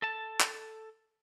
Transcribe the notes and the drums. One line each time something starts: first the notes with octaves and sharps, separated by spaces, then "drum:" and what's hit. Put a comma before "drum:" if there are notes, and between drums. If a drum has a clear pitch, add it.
A4 A5
drum: clap